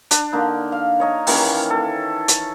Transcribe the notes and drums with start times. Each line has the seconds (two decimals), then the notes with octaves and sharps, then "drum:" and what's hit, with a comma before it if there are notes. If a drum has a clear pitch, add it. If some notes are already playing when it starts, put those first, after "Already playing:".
0.11 D4, drum: hi-hat
0.33 D3 A#3 D#4
0.72 F5
1.00 C#5 D#5 A#5
1.27 D#3 E3 A#3 C#4, drum: open hi-hat
1.70 A4
2.28 drum: hi-hat